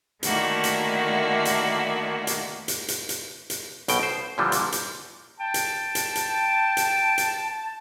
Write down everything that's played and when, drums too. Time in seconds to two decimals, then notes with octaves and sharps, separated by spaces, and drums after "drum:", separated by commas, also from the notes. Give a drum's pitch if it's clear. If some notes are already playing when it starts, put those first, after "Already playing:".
0.23 D3 D#3 A3 A#3 E4 F#4, drum: hi-hat
0.64 drum: hi-hat
1.45 drum: hi-hat
2.27 drum: hi-hat
2.68 drum: hi-hat
2.88 drum: hi-hat
3.09 drum: hi-hat
3.50 drum: hi-hat
3.88 B1 B2 G5, drum: hi-hat
4.03 C5
4.38 A#2 D3 E3 F3 G3
4.52 drum: hi-hat
4.72 drum: hi-hat
5.40 G5 A5
5.54 drum: hi-hat
5.95 drum: hi-hat
6.15 drum: hi-hat
6.77 drum: hi-hat
7.18 drum: hi-hat